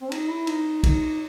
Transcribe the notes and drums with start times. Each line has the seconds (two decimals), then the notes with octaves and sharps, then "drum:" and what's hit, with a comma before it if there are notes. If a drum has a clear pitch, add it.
0.01 C4
0.12 D#4, drum: cymbal
0.30 E4
0.47 D#4, drum: cymbal
0.84 D#4, drum: kick, cymbal